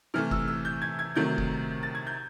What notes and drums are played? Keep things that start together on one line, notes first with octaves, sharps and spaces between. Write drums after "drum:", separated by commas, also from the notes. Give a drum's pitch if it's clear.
C3 E3 A3 F6
E6, drum: kick F1
E6
G6
G#6
G#6
C3 D#3 F#3 A3 G6
drum: kick F1
A6
G#6
G6